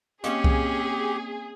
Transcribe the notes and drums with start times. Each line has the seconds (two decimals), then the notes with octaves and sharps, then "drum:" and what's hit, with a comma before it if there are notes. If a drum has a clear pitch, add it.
0.24 A#3 C4 C#4 G4 G#4, drum: hi-hat
0.44 drum: kick C2